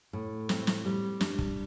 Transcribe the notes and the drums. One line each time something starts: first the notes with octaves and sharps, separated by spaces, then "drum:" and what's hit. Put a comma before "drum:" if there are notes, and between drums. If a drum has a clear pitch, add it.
A2
C4, drum: snare
drum: snare
G3
D4, drum: snare
drum: kick